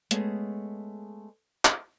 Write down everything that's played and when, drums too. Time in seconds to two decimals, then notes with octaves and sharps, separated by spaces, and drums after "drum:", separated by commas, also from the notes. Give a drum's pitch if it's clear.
0.11 G#3 A3 B3 G#4 C#5, drum: hi-hat
1.65 drum: clap